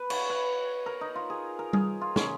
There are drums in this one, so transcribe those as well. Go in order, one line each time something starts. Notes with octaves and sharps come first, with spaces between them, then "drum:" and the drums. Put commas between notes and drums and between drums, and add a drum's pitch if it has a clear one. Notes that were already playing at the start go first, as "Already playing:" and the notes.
Already playing: B4
C#5, drum: cymbal
B4
A#4
D#4
F4
G#4
A#4
G#4, drum: tom G3
F4
C#4, drum: snare